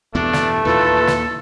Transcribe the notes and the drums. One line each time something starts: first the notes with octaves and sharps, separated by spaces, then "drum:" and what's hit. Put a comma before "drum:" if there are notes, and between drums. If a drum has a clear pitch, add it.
E2 G2 B2 A3 D4
drum: snare
D#2 A#2 E3 F4 A4 B4
drum: snare